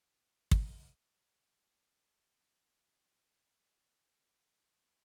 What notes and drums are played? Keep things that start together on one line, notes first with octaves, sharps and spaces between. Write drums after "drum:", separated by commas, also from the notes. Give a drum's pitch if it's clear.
F#1 A#2
drum: kick
D2
C4
C5
F3
F5
B3
C#5
C3 F#3
B3 D#5
F#4